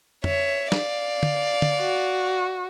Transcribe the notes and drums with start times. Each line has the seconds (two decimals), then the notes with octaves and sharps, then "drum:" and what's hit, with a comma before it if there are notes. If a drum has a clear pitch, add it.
0.24 C#5 E5, drum: tom
0.72 D5 F5, drum: snare
1.23 drum: tom
1.62 drum: tom
1.80 F#4